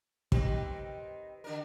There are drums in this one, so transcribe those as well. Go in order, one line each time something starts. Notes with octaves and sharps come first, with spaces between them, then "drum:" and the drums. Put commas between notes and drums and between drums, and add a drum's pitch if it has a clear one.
D#3 C4 G4 B4, drum: kick
D3 D4 A#4